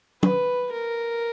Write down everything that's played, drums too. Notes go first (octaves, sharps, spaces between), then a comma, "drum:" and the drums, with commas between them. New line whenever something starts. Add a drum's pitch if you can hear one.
B4, drum: tom
A#4